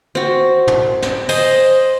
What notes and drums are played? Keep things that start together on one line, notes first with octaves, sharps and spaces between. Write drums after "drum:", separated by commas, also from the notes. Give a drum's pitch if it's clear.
C4 F#4
drum: tom
drum: snare
C5 D#5 G#5, drum: open hi-hat